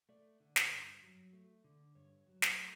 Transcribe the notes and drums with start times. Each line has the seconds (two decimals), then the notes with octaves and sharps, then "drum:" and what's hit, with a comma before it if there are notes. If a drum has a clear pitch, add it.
0.09 A3 D5
0.40 D3
0.56 drum: snare
0.72 G2
1.02 F#3
1.33 A3
1.64 D3
1.95 G2 C#5
2.27 F#3
2.42 drum: snare
2.58 A3